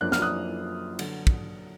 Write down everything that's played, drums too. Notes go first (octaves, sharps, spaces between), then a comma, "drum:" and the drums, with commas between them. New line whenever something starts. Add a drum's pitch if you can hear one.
F#2 F3 A#3 D4 F#6
F6, drum: snare
D#6 F#6
D3 F#3, drum: cymbal
drum: kick